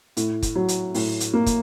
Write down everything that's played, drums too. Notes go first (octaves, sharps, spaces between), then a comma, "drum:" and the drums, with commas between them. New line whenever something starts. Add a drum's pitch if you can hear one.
A2, drum: hi-hat
drum: kick, hi-hat
F#3
drum: hi-hat
A2, drum: open hi-hat
drum: hi-hat
A#3
drum: kick, hi-hat